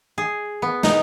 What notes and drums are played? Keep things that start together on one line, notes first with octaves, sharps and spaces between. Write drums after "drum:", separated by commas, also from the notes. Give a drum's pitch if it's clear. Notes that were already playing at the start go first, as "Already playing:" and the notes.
G#4
B3
D#4, drum: snare